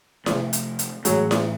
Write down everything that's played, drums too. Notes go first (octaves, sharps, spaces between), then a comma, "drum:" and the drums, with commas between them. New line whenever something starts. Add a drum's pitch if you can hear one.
C3 F3 A3, drum: snare E4
drum: hi-hat
drum: hi-hat
A2 E3 F#3 G#3 A3, drum: hi-hat
drum: snare E4